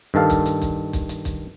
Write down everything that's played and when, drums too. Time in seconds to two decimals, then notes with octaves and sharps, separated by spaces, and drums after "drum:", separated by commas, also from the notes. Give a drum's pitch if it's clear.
0.14 G2 D#3 A4 F5
0.30 drum: kick, hi-hat
0.46 drum: hi-hat
0.62 drum: kick, hi-hat
0.93 drum: kick, hi-hat
1.09 drum: hi-hat
1.25 drum: kick, hi-hat